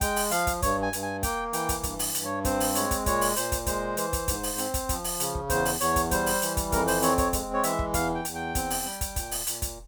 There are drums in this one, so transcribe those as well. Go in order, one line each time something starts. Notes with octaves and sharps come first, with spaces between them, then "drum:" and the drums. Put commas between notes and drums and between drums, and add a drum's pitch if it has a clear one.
G#3 G5, drum: kick, hi-hat
drum: open hi-hat
F3 F5, drum: hi-hat
drum: kick, hi-hat
G2 C#5, drum: kick, hi-hat
G#5
G2, drum: hi-hat
G#5
A#3 G5, drum: kick, hi-hat
E3 G5, drum: hi-hat
drum: kick, hi-hat
G2, drum: kick, hi-hat
drum: open hi-hat
G2, drum: hi-hat
C#5
C4 C5, drum: kick, hi-hat
drum: open hi-hat
G#3 C#5, drum: hi-hat
drum: kick, hi-hat
A#2 C#5, drum: kick, hi-hat
drum: open hi-hat
A#2 C5, drum: hi-hat
drum: kick, hi-hat
G#3 C5, drum: kick, hi-hat
E3, drum: hi-hat
drum: kick, hi-hat
G#2, drum: kick, hi-hat
drum: open hi-hat
C4, drum: hi-hat
drum: kick, hi-hat
F3, drum: kick, hi-hat
drum: open hi-hat
C#3, drum: hi-hat
drum: kick
E2 C5, drum: kick, hi-hat
drum: open hi-hat
E2 C#5, drum: hi-hat
drum: kick, hi-hat
G3 C5, drum: kick, hi-hat
drum: open hi-hat
E3, drum: hi-hat
drum: kick, hi-hat
F2 A#4, drum: kick, hi-hat
C5, drum: open hi-hat
C4 C#5, drum: hi-hat
C#5, drum: kick, hi-hat
G#3, drum: kick, hi-hat
C#5
E3 E5, drum: hi-hat
drum: kick
E2 F5, drum: kick, hi-hat
G5
E2, drum: hi-hat
G5
C4, drum: kick, hi-hat
drum: open hi-hat
G3
drum: kick, hi-hat
A#2, drum: kick, hi-hat
drum: open hi-hat
A#2, drum: hi-hat
drum: kick, hi-hat